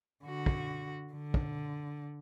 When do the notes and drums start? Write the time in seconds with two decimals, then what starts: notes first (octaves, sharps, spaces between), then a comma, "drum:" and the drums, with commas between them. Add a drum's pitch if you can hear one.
0.24 D3 F#4
0.46 drum: kick
1.13 D3
1.34 drum: kick